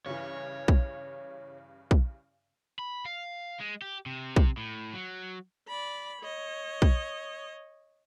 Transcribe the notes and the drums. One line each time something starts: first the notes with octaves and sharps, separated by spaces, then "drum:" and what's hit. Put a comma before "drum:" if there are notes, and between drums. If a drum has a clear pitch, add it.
G2 C#3 E3 C#5
drum: kick
drum: kick
B5
F5
G#3
G4
C3
drum: kick
A2
F#3
D5 B5
C#5 D#5
drum: kick